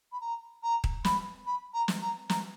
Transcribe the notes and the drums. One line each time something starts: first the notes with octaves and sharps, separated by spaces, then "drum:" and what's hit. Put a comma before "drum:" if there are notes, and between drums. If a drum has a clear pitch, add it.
B5
A#5
A#5
drum: kick D#1
B5, drum: snare
B5
A#5
drum: snare
A#5
A#5, drum: snare